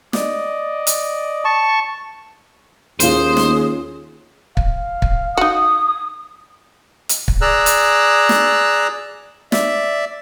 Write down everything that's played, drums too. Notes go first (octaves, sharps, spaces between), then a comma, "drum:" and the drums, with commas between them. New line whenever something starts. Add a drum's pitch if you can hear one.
D5 D#5, drum: snare
drum: hi-hat
A5 C#6
D#2 C#4 F4 G#4 C5, drum: hi-hat
drum: snare
F5, drum: kick
drum: kick
D#4 F#4 D#6
drum: hi-hat
drum: kick
G#4 D5 A#5 E6 F#6
drum: hi-hat
drum: snare
D5 E5, drum: snare